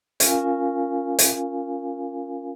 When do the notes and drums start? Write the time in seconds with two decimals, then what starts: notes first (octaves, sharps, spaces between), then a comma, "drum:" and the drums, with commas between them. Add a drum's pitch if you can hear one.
0.20 C#4 F4 A#4 F5 G#5, drum: hi-hat
1.19 drum: hi-hat